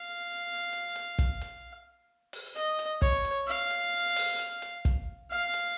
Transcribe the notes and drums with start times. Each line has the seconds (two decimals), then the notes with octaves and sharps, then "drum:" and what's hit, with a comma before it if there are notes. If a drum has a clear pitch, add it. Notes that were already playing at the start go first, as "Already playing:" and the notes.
Already playing: F5
0.73 drum: hi-hat
0.96 drum: hi-hat
1.19 drum: kick, hi-hat
1.41 drum: hi-hat
2.33 drum: open hi-hat
2.56 D#5, drum: hi-hat
2.79 drum: hi-hat
3.02 C#5, drum: kick, hi-hat
3.25 drum: hi-hat
3.47 F5
3.70 drum: hi-hat
4.16 drum: open hi-hat
4.39 drum: hi-hat
4.62 drum: hi-hat
4.85 drum: kick, hi-hat
5.31 F5
5.54 drum: hi-hat